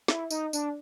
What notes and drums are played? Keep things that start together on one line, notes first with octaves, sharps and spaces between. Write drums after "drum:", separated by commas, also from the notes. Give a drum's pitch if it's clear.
E4, drum: snare
D#4, drum: tambourine
D4, drum: tambourine